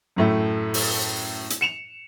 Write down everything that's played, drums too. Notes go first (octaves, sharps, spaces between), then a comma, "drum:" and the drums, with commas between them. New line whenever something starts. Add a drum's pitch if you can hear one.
F#2 A2 A3
drum: open hi-hat
drum: hi-hat
C#7 E7 F7